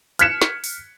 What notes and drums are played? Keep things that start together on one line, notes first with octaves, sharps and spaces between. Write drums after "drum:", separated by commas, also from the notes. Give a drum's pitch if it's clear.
F6 F#6 G#6 B6 C#7 E7, drum: hi-hat
drum: snare
drum: open hi-hat